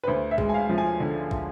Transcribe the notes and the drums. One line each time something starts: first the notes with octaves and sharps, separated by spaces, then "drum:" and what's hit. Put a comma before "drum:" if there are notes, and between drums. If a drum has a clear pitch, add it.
B4
D2 C5
E5
G#3, drum: kick
G#5
F5
F3
G#5
D3
drum: kick